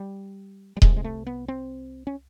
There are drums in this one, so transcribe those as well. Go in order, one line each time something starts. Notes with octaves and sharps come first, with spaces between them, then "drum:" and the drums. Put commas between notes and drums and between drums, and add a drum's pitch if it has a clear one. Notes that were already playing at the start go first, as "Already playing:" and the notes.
Already playing: G3
G3
C2 C3 G#3, drum: kick D#1
G#3
A3
B3
C4
C#4